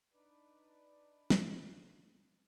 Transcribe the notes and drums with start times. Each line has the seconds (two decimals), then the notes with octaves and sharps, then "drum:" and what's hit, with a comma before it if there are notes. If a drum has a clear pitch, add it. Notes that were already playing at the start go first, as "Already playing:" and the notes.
0.13 D4 D#4 B4 D5
1.30 drum: snare